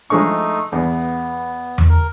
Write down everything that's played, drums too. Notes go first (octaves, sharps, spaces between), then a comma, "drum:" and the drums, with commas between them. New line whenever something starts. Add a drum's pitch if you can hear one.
F3 G#3 A3 D#4 C#6
E2 B3
drum: tom E2
A#4